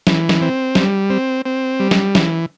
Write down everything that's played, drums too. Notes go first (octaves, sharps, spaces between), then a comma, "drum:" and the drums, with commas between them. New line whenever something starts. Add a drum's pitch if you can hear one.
E3, drum: snare
drum: snare
C4
G3, drum: snare
C4
C4
G3
drum: snare
E3, drum: snare